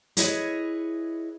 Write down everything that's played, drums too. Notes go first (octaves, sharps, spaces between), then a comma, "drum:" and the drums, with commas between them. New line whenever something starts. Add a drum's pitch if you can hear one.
E4 G#4 B4 C#5 D#5, drum: hi-hat